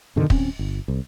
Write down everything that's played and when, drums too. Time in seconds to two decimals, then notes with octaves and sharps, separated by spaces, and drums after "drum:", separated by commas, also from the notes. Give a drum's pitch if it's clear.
0.16 F#2 B2 D3 D#3
0.30 D#1 C4 C#4, drum: kick
0.59 G1
0.88 C2